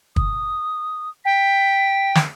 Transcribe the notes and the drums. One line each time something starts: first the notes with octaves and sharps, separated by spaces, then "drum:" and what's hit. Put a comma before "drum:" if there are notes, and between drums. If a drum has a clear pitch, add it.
D#6, drum: kick
G5 B6
drum: snare